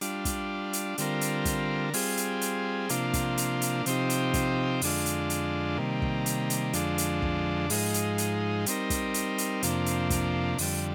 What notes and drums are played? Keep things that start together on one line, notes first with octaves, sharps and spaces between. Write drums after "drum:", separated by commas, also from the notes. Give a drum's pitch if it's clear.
G3 D4 F4, drum: hi-hat
drum: kick, hi-hat
drum: hi-hat
D3 G3 C4 F4 A#4, drum: hi-hat
drum: hi-hat
drum: kick, hi-hat
G3 C4 F4 G#4, drum: open hi-hat
drum: hi-hat
drum: hi-hat
C3 F3 A#3 D4 F4, drum: hi-hat
drum: kick, hi-hat
drum: hi-hat
drum: hi-hat
C3 F3 C4 D#4 G4, drum: hi-hat
drum: hi-hat
drum: kick, hi-hat
F2 D3 G#3 D4 F4, drum: open hi-hat
drum: hi-hat
drum: hi-hat
C3 D#3 G3 A#3
drum: kick
drum: hi-hat
drum: hi-hat
F2 D3 F3 G#3 D4, drum: hi-hat
drum: hi-hat
drum: kick
G#2 F3 G#3 D#4, drum: open hi-hat
drum: hi-hat
drum: hi-hat
G3 C4 D#4 A#4, drum: hi-hat
drum: kick, hi-hat
drum: hi-hat
drum: hi-hat
F2 C3 F3 A#3 D4, drum: hi-hat
drum: hi-hat
drum: kick, hi-hat
F2 D3 G3, drum: open hi-hat